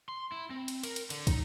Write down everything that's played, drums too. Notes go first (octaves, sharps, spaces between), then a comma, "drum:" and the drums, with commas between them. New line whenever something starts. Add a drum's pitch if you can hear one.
C6
E4
C4
drum: cymbal
A#4, drum: cymbal
drum: cymbal
D3, drum: cymbal
D#4, drum: kick, cymbal